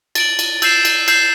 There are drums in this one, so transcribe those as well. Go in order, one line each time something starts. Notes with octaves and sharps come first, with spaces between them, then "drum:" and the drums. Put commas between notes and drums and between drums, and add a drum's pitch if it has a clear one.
A6 D7 F#7, drum: cymbal
drum: cymbal
E6 G6 C7 E7, drum: cymbal
drum: cymbal
E6 G6 C7 E7, drum: cymbal